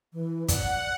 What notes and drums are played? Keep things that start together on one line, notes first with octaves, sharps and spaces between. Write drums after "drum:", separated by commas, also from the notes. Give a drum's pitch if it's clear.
E3
D5 F#5, drum: kick, hi-hat